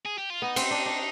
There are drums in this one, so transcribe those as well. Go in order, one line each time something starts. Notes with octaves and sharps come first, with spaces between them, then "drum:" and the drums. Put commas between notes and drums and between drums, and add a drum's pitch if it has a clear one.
G#4
G4
F4
B3 D#4
C4, drum: cymbal
D4
D4